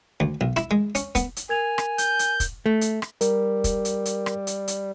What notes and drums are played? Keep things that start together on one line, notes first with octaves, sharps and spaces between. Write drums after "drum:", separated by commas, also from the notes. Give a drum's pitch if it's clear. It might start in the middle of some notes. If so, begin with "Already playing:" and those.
D2
B1
E4, drum: rim click
G#3
C#4, drum: hi-hat
B3, drum: kick, hi-hat
drum: hi-hat
A#4 G#5 G#6 F7
drum: rim click
G6, drum: hi-hat
drum: hi-hat
drum: kick, hi-hat
A3
drum: hi-hat
drum: rim click
G3 A#4, drum: hi-hat
drum: kick, hi-hat
drum: hi-hat
drum: hi-hat
drum: rim click
drum: hi-hat
drum: hi-hat